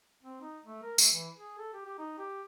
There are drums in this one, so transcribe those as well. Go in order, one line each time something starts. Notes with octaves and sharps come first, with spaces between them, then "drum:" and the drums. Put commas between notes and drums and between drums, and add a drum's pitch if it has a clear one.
C4
D#4
A3
A#4
A3, drum: tambourine
E3
G#4
A4
G4
G4
D#4
G4